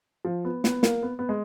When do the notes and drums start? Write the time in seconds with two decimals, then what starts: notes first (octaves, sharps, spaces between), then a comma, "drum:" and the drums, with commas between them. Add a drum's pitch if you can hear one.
0.25 F3
0.45 B3
0.64 B3, drum: snare
0.83 A#3, drum: snare
1.03 B3
1.19 B3
1.29 G#3